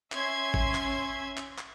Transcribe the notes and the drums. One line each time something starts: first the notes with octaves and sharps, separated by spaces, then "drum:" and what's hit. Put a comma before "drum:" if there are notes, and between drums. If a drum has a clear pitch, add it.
C#4 E5 C6 G#6, drum: clap
drum: kick
drum: clap
drum: clap
drum: clap